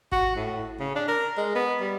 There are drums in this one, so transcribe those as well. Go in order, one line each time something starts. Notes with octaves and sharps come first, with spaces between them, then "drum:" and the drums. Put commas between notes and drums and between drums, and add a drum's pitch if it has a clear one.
F#4, drum: kick G#1
A2
C#3
D4
A#4
G#3
B3
G3